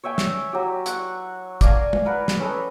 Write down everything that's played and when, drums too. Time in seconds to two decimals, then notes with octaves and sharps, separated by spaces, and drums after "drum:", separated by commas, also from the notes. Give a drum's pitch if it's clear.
0.03 C#5 E5 G5 G#5
0.18 drum: snare
0.53 F#3 G4
0.86 F#5 C#6, drum: hi-hat
1.61 D5 F5 G#5 A#5, drum: kick, hi-hat
1.93 drum: tom
2.05 A#4 B4 F#5 A#5
2.28 drum: snare
2.40 C#4 A4 B4 D#5